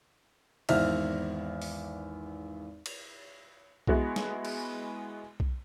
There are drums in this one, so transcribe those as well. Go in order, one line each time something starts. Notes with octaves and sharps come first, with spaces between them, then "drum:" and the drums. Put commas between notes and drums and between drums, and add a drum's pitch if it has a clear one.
G#1 E2 C5 E5 F6, drum: cymbal
drum: open hi-hat
drum: cymbal
G#3 B3 E4 F#4 G#4, drum: kick B1
drum: snare
drum: cymbal
drum: kick B1